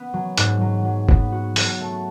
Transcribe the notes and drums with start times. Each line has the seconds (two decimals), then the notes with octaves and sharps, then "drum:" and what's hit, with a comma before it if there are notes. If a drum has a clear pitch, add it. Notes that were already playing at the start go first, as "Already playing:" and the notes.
Already playing: B3
0.14 F#3
0.38 G#2, drum: hi-hat
0.61 F#3
0.85 F#3
1.09 B3, drum: kick
1.32 F#4
1.56 F#3, drum: open hi-hat
1.80 A3